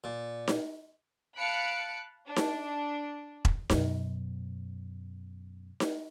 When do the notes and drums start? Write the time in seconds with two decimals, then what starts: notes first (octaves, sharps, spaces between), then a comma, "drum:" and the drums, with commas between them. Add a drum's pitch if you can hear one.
0.04 A#2
0.48 drum: snare D#4
1.37 F5 A5 B5 F#6 C#7 D7
2.26 D4
2.36 drum: snare D#4
3.45 drum: kick E1
3.70 F#2 B2, drum: snare D#4
5.80 drum: snare D#4